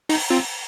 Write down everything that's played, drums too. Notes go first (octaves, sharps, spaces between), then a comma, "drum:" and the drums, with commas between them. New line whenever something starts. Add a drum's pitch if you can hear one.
D#4, drum: open hi-hat
C4 F4